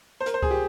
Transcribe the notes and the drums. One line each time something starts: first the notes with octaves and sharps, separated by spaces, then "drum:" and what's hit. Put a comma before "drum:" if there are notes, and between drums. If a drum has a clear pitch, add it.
C5
A#4, drum: hi-hat
C5
G#4, drum: kick C#2
G4